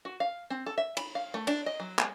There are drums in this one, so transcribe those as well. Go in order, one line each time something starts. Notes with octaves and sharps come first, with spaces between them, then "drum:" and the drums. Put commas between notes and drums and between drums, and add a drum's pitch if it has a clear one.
F#4
F5
C4
A4
E5
B5, drum: cymbal
F5
A3
D4, drum: cymbal
D#5
F#3
G#3, drum: clap